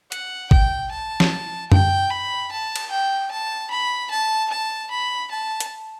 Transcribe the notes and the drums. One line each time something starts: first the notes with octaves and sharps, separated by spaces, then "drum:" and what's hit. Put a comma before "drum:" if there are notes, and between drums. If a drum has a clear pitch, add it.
F#5, drum: hi-hat
G5, drum: kick
A5
drum: snare
G5, drum: tom F#2
B5
A5
drum: cymbal
G5
A5
B5
A5
A5
B5
A5
drum: hi-hat